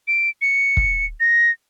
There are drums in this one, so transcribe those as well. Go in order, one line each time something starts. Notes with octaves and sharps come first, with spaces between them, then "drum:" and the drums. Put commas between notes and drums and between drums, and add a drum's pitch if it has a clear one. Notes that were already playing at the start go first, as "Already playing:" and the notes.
D7
C#7
drum: kick
A#6